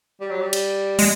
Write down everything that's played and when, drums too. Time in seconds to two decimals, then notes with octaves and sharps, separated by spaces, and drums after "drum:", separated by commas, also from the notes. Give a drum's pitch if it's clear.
0.21 G3
0.31 F#3
0.41 G3
0.53 drum: cymbal
0.99 G#3, drum: open hi-hat